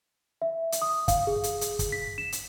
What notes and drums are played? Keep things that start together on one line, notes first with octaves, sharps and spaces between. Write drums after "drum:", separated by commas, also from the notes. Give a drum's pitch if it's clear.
E5
drum: hi-hat
D#6
F5, drum: kick, hi-hat
G#4
drum: hi-hat
drum: hi-hat
drum: kick, hi-hat
B6
E7
drum: hi-hat